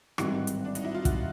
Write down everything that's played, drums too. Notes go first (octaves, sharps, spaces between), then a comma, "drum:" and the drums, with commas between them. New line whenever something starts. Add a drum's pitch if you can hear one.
A1 G#2 D#3 G3 C4 F#4, drum: rim click
drum: hi-hat
D4
D#4, drum: hi-hat
E4
F4
F#4, drum: kick, hi-hat